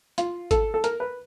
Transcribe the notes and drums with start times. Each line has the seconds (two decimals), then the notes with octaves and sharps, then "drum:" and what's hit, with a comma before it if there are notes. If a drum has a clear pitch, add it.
0.18 F4, drum: hi-hat
0.51 A4, drum: kick, hi-hat
0.74 A4
0.84 A#4, drum: hi-hat
1.00 B4